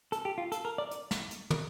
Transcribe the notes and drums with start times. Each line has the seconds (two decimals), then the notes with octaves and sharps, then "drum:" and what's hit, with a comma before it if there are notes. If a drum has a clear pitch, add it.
0.12 A4, drum: hi-hat
0.25 G4
0.38 F4
0.52 A4, drum: hi-hat
0.65 A#4
0.78 D5
0.91 drum: hi-hat
1.11 drum: snare
1.31 drum: hi-hat
1.50 drum: tom